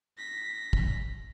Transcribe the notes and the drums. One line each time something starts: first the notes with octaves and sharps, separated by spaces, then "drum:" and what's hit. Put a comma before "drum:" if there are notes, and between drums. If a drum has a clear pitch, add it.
A#6 B6
drum: kick